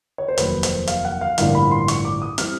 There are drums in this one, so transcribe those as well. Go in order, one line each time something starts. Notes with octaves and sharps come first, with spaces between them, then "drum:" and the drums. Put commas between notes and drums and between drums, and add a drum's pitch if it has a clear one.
C#5
C5
F1 D#2 D#3 F#3 B4, drum: hi-hat
C5, drum: hi-hat
F5, drum: hi-hat
F#5
F5
A1 G2 D3 F3 A#3 F5, drum: hi-hat
B5
C6
C#6, drum: hi-hat
D6
D#6
E3 G3 C4 F6, drum: hi-hat